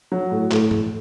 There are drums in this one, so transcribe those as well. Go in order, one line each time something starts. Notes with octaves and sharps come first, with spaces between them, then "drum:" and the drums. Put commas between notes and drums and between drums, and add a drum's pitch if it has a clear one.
F#3
A2
A2, drum: clap
A3, drum: tom